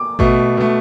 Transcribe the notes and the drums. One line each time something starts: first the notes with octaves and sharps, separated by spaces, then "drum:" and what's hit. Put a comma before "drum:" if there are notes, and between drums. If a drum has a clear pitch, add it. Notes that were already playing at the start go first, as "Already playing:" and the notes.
Already playing: D6
B2 A3, drum: kick A1
B2 A3